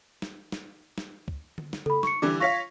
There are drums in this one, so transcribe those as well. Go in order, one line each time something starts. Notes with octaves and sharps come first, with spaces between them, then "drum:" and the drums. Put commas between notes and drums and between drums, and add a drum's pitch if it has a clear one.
drum: snare
drum: snare
drum: snare
drum: kick
drum: tom D3
drum: snare
A4 B5, drum: tom C#3
C#6 C#7, drum: snare
D3 E3 G3 D6
F4 C#5 F5 C#6 A#6 B6